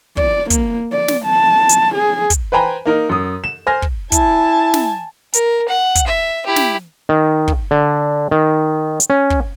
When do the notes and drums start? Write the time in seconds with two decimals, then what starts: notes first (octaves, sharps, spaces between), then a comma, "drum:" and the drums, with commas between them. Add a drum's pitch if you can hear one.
0.17 D5, drum: kick
0.50 A#3, drum: kick, hi-hat
0.92 D5
1.08 drum: snare
1.25 A5
1.69 drum: hi-hat
1.95 G#4
2.30 drum: kick, hi-hat
2.52 B4 C5 G5 G#5 A#5 B5
2.85 A#3 D#4 A#4
3.09 F#2 D#6
3.44 E7
3.67 C5 G#5 F6 A#6
3.82 drum: kick
4.12 E4 G#5 A5, drum: kick, hi-hat
4.74 drum: snare
5.33 A#4, drum: hi-hat
5.68 F#5
5.95 drum: kick, hi-hat
6.07 E5
6.46 E4 G4
6.56 drum: snare
7.09 D#3
7.48 drum: kick
7.71 D3
8.31 D#3
9.00 drum: hi-hat
9.10 C#4
9.30 drum: kick